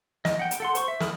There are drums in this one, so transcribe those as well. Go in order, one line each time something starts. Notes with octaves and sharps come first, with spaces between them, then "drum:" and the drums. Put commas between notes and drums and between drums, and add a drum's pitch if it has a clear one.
D#5, drum: snare
F#5 G5
drum: hi-hat
A4 F#5 C6
C5 C#6, drum: hi-hat
E5
A4 A#4 B5 D#6, drum: snare